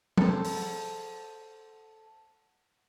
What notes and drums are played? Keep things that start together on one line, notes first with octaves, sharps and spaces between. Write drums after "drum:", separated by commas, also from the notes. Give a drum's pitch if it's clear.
A4 C5, drum: tom F3
drum: open hi-hat